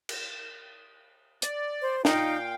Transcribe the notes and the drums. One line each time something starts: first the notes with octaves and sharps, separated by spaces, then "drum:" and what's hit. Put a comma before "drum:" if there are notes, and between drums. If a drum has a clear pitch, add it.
drum: cymbal
D5, drum: hi-hat
C5
A#2 D#4 F5 G5, drum: snare